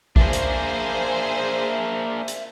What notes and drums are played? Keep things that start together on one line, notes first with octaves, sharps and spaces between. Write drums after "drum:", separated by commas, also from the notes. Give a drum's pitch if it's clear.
A#3 D4 G#4 C5 E5, drum: kick A1
drum: hi-hat
drum: hi-hat